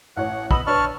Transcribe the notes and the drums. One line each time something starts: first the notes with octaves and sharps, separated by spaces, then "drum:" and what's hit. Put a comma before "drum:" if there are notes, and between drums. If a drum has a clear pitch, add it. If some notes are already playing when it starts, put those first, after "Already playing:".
A1 C#5 F#5
B3 D#5 B5 E6 F#7, drum: kick
D4 B4 C#5 A5 C#6 F6